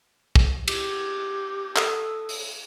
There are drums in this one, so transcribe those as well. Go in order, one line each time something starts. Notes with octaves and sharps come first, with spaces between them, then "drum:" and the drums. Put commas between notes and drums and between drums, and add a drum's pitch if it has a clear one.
drum: kick
G4, drum: cymbal
A4 D#6 E6, drum: clap
drum: open hi-hat